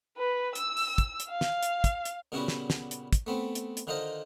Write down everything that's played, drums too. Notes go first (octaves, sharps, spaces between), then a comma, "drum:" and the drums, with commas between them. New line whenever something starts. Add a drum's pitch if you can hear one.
B4
E6, drum: hi-hat
drum: open hi-hat
drum: kick, hi-hat
drum: hi-hat
F5
drum: snare
drum: hi-hat
drum: kick, hi-hat
drum: hi-hat
A#2 C#3 G3 B3 E4 F#4
drum: snare
drum: snare
drum: hi-hat
drum: kick, hi-hat
A3 B3 C4
drum: hi-hat
drum: hi-hat
D3 D#3 D#4 F4 C5 D#5